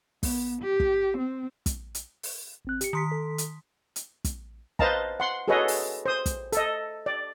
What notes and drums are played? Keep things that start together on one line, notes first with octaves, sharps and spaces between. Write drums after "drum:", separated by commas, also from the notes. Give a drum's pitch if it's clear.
B3, drum: kick, open hi-hat
G4
drum: kick
C4
drum: kick, hi-hat
drum: hi-hat
drum: open hi-hat
G#1 C4 F#6
G4 C#7, drum: hi-hat
D#3 C6 B6
A4
drum: hi-hat
drum: hi-hat
drum: kick, hi-hat
B4 C5 D#5 F5 A5 A#5, drum: kick
F#5 C6
F#4 G#4 A4 B4 C#5 D#5
drum: open hi-hat
C5 D#6
drum: kick, hi-hat
A4 D#5, drum: hi-hat
D5